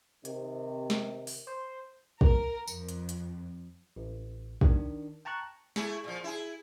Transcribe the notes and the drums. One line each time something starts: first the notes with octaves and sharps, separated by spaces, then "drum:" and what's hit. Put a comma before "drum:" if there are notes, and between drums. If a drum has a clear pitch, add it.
C3 D#3, drum: hi-hat
drum: snare
drum: open hi-hat
C5
A#4, drum: kick
F2, drum: tambourine
drum: hi-hat
drum: hi-hat
A1
D#3 D4, drum: kick
G5 A5 A#5 C#6 F#6
A3 E4 G#4, drum: snare
A#2 F3
E4 G#4